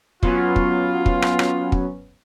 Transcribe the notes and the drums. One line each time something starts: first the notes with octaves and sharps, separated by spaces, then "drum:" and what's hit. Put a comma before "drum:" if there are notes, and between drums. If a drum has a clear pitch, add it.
F#3 B3 C#4 F4, drum: kick
drum: kick
drum: kick
drum: rim click
drum: rim click
drum: kick